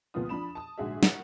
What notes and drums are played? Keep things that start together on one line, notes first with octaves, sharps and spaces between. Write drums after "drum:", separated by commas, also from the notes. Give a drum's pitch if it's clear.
C#2 F3 A#3 B3 F4 D#6
F3 D4 B5 E7
A5 D#6
A#1 G#2 D3 F#4 G#4 E5
A#4 C#5 F#5, drum: snare